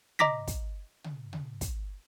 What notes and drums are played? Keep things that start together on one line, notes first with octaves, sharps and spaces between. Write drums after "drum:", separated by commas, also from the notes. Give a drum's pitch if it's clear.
D#5 A#5 D6 A#6 B6, drum: tom
drum: kick, hi-hat
drum: tom
drum: tom
drum: kick, hi-hat